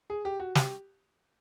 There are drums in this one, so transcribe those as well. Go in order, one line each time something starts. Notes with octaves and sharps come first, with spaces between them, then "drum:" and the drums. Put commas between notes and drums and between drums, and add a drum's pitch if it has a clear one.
G#4
G4
F#4
G4, drum: snare